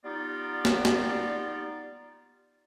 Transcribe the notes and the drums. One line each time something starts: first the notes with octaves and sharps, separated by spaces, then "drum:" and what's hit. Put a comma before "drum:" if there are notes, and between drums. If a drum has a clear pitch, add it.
G3 B3 D#4 F4 D5
drum: snare
drum: snare